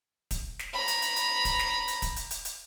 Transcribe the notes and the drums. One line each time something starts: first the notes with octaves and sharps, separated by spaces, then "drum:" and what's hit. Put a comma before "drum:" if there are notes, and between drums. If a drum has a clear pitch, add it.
drum: kick, hi-hat
drum: snare
A#5 B5
drum: hi-hat
drum: hi-hat
drum: hi-hat
drum: kick, hi-hat
drum: snare
drum: hi-hat
drum: kick, hi-hat
drum: hi-hat
drum: hi-hat
drum: hi-hat